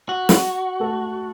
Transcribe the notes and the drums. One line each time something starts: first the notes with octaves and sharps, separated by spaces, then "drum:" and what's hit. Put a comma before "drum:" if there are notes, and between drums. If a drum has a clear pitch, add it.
F#4
drum: snare
A3 A4